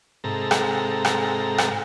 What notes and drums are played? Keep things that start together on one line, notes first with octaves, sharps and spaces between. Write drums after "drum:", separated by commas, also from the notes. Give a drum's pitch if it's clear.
G#2 C3 A4 A#5
drum: rim click
drum: rim click
drum: rim click